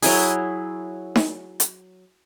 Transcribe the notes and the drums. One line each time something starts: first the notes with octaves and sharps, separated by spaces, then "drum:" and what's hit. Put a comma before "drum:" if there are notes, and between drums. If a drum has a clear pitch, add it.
F#3 E4 G#4, drum: open hi-hat
drum: snare D#4
drum: hi-hat